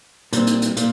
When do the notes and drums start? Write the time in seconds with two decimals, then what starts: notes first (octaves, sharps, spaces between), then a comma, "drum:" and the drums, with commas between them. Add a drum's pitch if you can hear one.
0.33 A#2 G3 C4, drum: hi-hat
0.47 drum: hi-hat
0.62 drum: hi-hat
0.77 A#2, drum: hi-hat